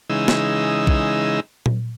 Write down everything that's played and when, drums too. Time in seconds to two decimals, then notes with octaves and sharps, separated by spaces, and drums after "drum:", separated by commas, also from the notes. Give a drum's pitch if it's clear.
0.10 C#3 E3 G#3 D#4 E6
0.28 drum: snare
0.87 drum: kick
1.66 drum: tom A#2